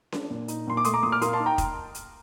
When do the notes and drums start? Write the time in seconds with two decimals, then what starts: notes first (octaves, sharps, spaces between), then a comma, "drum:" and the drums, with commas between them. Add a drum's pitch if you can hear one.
0.12 D4, drum: snare C#4
0.30 A#2
0.48 D#4, drum: hi-hat
0.67 A#2 C6
0.77 D6
0.84 A3 C6 D#6, drum: hi-hat
0.94 A#5 D6
1.03 A#2 C6 D#6
1.12 D6 F6
1.22 A#3 C6 D#6, drum: hi-hat
1.33 A5 C6
1.40 D#4
1.46 G5 A#5
1.58 drum: kick F1, hi-hat
1.95 drum: hi-hat